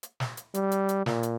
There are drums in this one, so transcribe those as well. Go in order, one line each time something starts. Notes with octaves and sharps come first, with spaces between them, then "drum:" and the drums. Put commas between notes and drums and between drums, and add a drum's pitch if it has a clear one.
drum: hi-hat
drum: snare
drum: hi-hat
G3, drum: hi-hat
drum: hi-hat
drum: hi-hat
A#2, drum: snare
drum: hi-hat